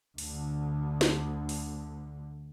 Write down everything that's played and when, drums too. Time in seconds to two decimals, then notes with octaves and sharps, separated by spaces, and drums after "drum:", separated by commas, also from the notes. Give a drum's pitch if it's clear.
0.18 D2 D3, drum: open hi-hat
1.01 drum: snare
1.49 drum: open hi-hat